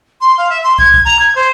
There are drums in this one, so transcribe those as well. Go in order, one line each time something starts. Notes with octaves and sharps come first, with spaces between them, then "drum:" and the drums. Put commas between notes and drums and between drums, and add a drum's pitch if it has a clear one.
C6
F5
E5
C6
G#6, drum: kick
drum: kick
A#5
G#6
C5